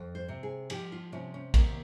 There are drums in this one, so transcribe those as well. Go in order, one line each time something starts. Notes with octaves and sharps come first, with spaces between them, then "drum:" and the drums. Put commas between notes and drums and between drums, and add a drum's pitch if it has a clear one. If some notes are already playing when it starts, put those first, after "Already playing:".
Already playing: F2
C5
C3
G#4
F3 G4, drum: cymbal
F4
C3 C#4
C#4
D#2 A#3, drum: kick, cymbal